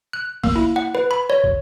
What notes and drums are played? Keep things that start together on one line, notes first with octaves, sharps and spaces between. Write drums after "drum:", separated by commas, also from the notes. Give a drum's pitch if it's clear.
F#6
A#3, drum: kick, open hi-hat
E4
F#5
B4
B5
C#5
drum: kick